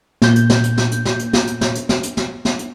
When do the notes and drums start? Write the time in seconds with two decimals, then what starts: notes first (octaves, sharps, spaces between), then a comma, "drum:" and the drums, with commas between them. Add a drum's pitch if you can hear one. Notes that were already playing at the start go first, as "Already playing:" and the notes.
0.22 A#2 G6, drum: snare
0.36 drum: hi-hat
0.50 drum: snare
0.64 drum: hi-hat
0.78 drum: snare
0.91 drum: hi-hat
1.05 drum: snare
1.19 drum: hi-hat
1.33 drum: snare
1.47 drum: hi-hat
1.61 drum: snare
1.75 drum: hi-hat
1.89 drum: snare
2.03 drum: hi-hat
2.17 drum: snare
2.45 drum: snare
2.59 drum: hi-hat